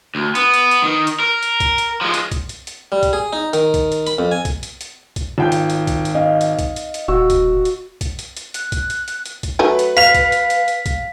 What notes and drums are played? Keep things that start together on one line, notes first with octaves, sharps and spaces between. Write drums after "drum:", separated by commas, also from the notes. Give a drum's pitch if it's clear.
D2
B3, drum: hi-hat
drum: hi-hat
drum: hi-hat
D#3
drum: hi-hat
A#4
drum: hi-hat
drum: kick B1, hi-hat
drum: hi-hat
F3 G#3
drum: hi-hat
drum: kick B1, hi-hat
drum: hi-hat
drum: hi-hat
G3
drum: kick B1, hi-hat
G#4
D#4
D#3, drum: hi-hat
drum: kick B1, hi-hat
drum: hi-hat
B5, drum: hi-hat
F2
G#5
drum: kick B1, hi-hat
drum: hi-hat
drum: hi-hat
drum: kick B1, hi-hat
G#1 F4 G5 G6
drum: hi-hat
drum: hi-hat
drum: kick B1, hi-hat
drum: hi-hat
D#5 F5
drum: hi-hat
drum: kick B1, hi-hat
drum: hi-hat
drum: hi-hat
D#1 F#4 E6
drum: kick B1, hi-hat
drum: hi-hat
drum: kick B1, hi-hat
drum: hi-hat
drum: hi-hat
F#6, drum: hi-hat
drum: kick B1, hi-hat
drum: hi-hat
drum: hi-hat
drum: hi-hat
drum: kick B1, hi-hat
F#3 A3 B4 G#5
drum: hi-hat
F5 B6 F7, drum: hi-hat
drum: kick B1, hi-hat
drum: hi-hat
drum: hi-hat
drum: hi-hat
drum: kick B1, hi-hat